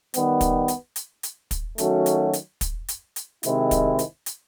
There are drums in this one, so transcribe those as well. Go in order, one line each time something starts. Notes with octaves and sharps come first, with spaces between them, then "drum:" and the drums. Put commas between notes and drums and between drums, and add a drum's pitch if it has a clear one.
D#3 G3 B3, drum: hi-hat
drum: kick, hi-hat
drum: hi-hat
drum: hi-hat
drum: hi-hat
drum: kick, hi-hat
D#3 F#3 A3 C#4 F#4, drum: hi-hat
drum: hi-hat
drum: hi-hat
drum: kick, hi-hat
drum: hi-hat
drum: hi-hat
C3 D#3 G#3 C4 E4, drum: hi-hat
drum: kick, hi-hat
drum: hi-hat
drum: hi-hat